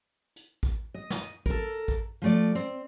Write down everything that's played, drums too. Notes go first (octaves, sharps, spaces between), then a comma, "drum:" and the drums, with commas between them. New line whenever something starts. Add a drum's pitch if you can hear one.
drum: hi-hat
drum: kick
D#5
drum: snare
A4 A#4, drum: kick
drum: kick
F3 A3 D5
C4, drum: hi-hat